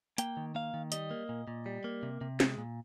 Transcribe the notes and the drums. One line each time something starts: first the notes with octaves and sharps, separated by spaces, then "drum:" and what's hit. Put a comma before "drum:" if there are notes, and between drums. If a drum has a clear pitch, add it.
A#3 G5, drum: hi-hat
D#3
A#3 F5
D#3
G3 D#5, drum: hi-hat
A#3
A#2
A#2
G3
A#3
C3
C3
G#3, drum: snare
A#2